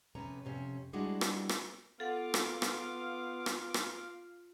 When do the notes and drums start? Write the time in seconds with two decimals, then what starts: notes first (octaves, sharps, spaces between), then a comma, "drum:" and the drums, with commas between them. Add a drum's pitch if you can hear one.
0.15 F2 C3 C#4 B4 A#5
0.45 F2 C3 C#4
0.93 G3 G#3 D4 E4 F#4
1.21 drum: rim click
1.49 drum: rim click
2.00 B3 F4 A4 F5 F#5 D6
2.34 drum: rim click
2.62 drum: rim click
3.46 drum: rim click
3.74 drum: rim click